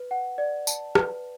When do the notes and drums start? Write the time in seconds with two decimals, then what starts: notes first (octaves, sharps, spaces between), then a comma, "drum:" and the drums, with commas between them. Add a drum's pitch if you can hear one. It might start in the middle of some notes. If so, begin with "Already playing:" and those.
Already playing: B4
0.11 F#5
0.38 D5
0.67 A5, drum: tambourine
0.95 B4, drum: rim click